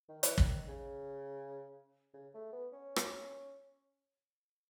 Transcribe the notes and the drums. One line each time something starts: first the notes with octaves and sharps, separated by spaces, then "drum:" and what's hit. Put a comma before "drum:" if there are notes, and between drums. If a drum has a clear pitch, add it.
D#3
E3, drum: hi-hat
D#3, drum: kick
C#3
C#3
A3
B3
C#4
drum: rim click